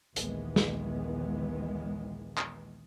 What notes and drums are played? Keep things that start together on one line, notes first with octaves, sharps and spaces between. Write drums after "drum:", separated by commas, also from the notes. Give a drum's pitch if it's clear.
A#1 D#2 D#3 E3 G#3 B3, drum: hi-hat
drum: snare
drum: clap